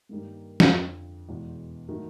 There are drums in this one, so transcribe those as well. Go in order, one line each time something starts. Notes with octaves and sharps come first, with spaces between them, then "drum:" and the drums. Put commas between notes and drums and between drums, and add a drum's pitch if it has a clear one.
G2 D#3 G3 A#3
drum: snare
F2 D3 F3
E2 B2 G#3
D#3 F#3 A3